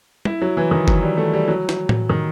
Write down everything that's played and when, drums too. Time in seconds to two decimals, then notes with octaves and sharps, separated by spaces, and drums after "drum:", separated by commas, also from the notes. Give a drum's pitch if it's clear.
0.25 E4, drum: tom
0.42 F#3
0.57 E3
0.71 D#3
0.88 F#3, drum: kick F#1
1.03 G3
1.17 A3
1.33 G3
1.48 F#3
1.69 drum: snare
1.89 drum: tom A2
2.09 D#3